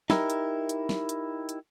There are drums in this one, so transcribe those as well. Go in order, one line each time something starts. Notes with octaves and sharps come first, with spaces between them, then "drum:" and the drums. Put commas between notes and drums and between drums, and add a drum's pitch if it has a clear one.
D#4 E4 G4 A#4, drum: snare
drum: hi-hat
drum: hi-hat
drum: snare
drum: hi-hat
drum: hi-hat